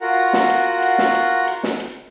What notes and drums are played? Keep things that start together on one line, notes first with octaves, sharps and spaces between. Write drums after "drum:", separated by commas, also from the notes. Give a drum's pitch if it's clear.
F4 F#4 A#4 F#5 A#5
drum: snare
drum: hi-hat
drum: hi-hat
drum: snare
drum: hi-hat
drum: hi-hat
drum: snare
drum: hi-hat